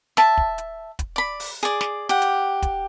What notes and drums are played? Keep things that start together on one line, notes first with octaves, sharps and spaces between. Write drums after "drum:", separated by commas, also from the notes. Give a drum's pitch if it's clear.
E5 A5, drum: snare
drum: kick
drum: hi-hat
drum: kick, hi-hat
D5 B5
drum: open hi-hat
G#4 D5
drum: snare
G4 F#5
drum: hi-hat
drum: kick, hi-hat